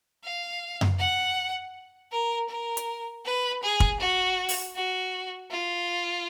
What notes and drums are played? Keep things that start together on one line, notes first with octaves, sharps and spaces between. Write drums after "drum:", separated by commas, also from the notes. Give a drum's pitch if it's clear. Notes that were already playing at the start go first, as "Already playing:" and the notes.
F5
drum: tom F#2
F#5
A#4
A#4
drum: hi-hat
B4
G#4
drum: kick
F#4
drum: open hi-hat
F#4
F4